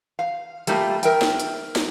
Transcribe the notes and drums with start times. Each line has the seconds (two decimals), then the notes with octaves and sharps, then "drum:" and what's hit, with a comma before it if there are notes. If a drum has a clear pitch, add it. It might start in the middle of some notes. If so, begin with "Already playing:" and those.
0.19 F5
0.67 G3 A3 A#3 E4 F4, drum: hi-hat
1.03 A#4 E5 G5, drum: hi-hat
1.21 drum: snare
1.40 drum: hi-hat
1.76 drum: snare